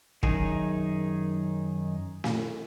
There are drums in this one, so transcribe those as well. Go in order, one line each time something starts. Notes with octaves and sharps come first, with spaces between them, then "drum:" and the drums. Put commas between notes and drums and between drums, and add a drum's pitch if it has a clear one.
F#2 D#3 D#4 G#4, drum: kick
drum: snare